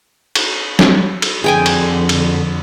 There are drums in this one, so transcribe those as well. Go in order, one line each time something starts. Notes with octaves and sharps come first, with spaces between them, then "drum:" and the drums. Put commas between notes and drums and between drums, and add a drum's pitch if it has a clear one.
drum: cymbal
drum: snare
drum: cymbal
F2 D3 G#4 G5 G#5
drum: cymbal
drum: cymbal